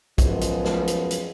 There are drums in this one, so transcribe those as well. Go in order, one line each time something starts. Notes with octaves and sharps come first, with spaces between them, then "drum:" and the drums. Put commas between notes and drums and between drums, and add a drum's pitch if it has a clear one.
F#2 F3 G#3 B3, drum: kick, hi-hat
drum: hi-hat
drum: snare
drum: hi-hat
drum: hi-hat